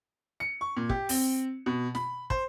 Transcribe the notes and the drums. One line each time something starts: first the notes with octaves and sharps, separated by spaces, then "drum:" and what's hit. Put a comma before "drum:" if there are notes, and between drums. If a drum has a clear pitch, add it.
C#7
C#6
A#2
G4, drum: kick
C4, drum: open hi-hat
B2
B5, drum: snare
C5, drum: kick